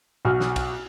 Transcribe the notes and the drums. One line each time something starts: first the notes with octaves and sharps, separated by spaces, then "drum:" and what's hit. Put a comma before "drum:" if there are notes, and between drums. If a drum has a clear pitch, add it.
B1 F#4 F6
drum: snare
drum: kick, cymbal